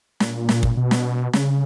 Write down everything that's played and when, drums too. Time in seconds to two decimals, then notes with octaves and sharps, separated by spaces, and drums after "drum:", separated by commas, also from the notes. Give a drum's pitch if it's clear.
0.20 A#2, drum: snare
0.49 drum: snare
0.63 drum: kick
0.77 B2
0.91 drum: snare
1.33 C#3, drum: snare